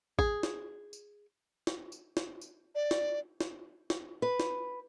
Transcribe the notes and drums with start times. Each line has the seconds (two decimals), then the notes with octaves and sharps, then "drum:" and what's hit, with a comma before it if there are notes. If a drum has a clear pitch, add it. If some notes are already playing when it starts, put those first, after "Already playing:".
0.19 G#4, drum: kick A1
0.43 drum: snare
0.93 drum: tambourine
1.67 drum: snare
1.92 drum: tambourine
2.17 drum: snare
2.41 drum: tambourine
2.75 D5
2.91 drum: snare
3.41 drum: snare
3.90 drum: snare
4.22 B4
4.40 drum: snare